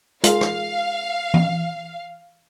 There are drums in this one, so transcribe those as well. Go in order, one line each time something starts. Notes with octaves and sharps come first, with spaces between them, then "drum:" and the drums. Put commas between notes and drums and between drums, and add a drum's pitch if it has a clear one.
G#3 F4 A#4 F5, drum: hi-hat
drum: rim click
drum: tom E3